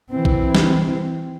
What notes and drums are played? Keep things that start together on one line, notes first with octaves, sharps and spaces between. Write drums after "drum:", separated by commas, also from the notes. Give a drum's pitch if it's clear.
E3 C4
drum: kick A#1
drum: snare